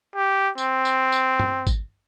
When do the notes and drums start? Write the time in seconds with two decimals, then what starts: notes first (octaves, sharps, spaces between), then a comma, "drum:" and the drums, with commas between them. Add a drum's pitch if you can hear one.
0.16 G4
0.58 C4, drum: tambourine
0.85 drum: tambourine
1.12 drum: tambourine
1.39 drum: tom G2
1.67 drum: kick G#1, tambourine